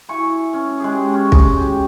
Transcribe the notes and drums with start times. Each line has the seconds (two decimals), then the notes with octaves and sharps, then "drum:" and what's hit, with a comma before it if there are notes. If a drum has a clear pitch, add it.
0.09 E4 G#5 C#6
0.53 C#4
0.80 G#3 G4 G#4
1.14 C#4
1.32 G#3, drum: kick
1.57 G4